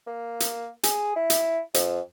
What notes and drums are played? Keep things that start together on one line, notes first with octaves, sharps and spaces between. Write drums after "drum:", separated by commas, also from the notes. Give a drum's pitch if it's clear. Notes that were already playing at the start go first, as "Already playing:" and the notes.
A#3
drum: hi-hat
G#4, drum: hi-hat
E4
drum: hi-hat
F2, drum: hi-hat